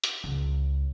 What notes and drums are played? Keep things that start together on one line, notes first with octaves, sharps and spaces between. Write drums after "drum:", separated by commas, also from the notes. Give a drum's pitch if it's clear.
drum: hi-hat
C#2